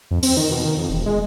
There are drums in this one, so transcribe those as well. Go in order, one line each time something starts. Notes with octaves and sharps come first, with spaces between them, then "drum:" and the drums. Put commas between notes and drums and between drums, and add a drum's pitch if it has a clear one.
F2
C4, drum: open hi-hat
D#3
B2
D#3
F2
E1
G#3